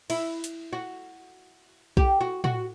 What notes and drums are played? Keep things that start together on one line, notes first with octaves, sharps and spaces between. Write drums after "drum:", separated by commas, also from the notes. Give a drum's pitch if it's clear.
E4, drum: cymbal
drum: hi-hat
F#4
G4, drum: kick B1
F#4
F#4, drum: tom